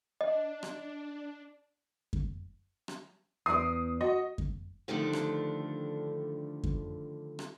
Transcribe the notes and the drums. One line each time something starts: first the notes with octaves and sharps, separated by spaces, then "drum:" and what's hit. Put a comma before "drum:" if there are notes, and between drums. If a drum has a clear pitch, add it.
D4 D#5
drum: rim click
drum: kick F#2
drum: rim click
E2 D5 D#6 C7
F#4 D#5
drum: kick F#2
D3 D#3 F3 G3 A3 D4
drum: rim click
drum: kick F#2
drum: rim click